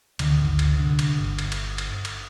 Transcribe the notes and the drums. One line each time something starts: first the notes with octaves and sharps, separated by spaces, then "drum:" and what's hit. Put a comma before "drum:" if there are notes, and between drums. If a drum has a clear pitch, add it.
D1 D3 D#3, drum: cymbal
G1 D2
drum: cymbal
C2 D3
drum: cymbal
G1
drum: cymbal
drum: cymbal
drum: cymbal
drum: cymbal